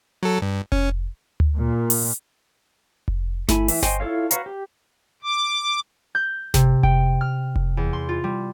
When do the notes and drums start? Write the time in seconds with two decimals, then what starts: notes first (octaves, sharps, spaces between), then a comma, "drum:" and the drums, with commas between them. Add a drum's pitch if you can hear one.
0.23 F#3 A4
0.42 G2
0.72 C#4, drum: kick F1
1.40 drum: tom D2
1.55 A#2
1.90 drum: open hi-hat
3.08 drum: kick F1
3.49 A3 E4 G#5 B5, drum: snare G1
3.68 E3 E5, drum: open hi-hat
3.83 C5 C#5 D#5 G5 G#5, drum: snare G1
4.00 E4 F4 A4 C#5 F5
4.31 F#4 B4 C#5 F5 A#5, drum: hi-hat
4.46 G4
5.23 D6
6.15 G6
6.54 C3, drum: snare G1
6.83 G5, drum: kick F1
7.21 F6
7.56 drum: kick F1
7.77 E2
7.93 C6
8.09 F4
8.24 G3